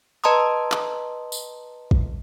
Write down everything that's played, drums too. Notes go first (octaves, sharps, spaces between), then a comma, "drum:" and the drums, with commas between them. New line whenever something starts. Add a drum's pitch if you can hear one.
B4 D#5 A5 A#5 C6 D#6
drum: clap
drum: tambourine
drum: kick